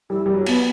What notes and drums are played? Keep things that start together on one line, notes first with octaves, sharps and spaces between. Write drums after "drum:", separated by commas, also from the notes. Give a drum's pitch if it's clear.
G3 E4
G3
F#3
B3, drum: cymbal